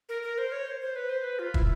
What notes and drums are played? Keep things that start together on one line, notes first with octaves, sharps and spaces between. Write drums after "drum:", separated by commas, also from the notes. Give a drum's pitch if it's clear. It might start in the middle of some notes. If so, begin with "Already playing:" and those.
A#4
A#4
C5
C#5
C5
C5
B4
C5
B4
F4
E4, drum: kick